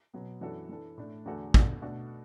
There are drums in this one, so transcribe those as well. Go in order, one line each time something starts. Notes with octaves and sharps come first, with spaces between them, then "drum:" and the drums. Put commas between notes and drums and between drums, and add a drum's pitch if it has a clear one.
B2 F#3 B3
F#2 E3 D4 F#4 A4
E3 D4 A4
A2 A3 D4
E2 D3 A3 F#4 A4
B2 B3 D4 A4, drum: kick
B2 A3 D4 F#4 A4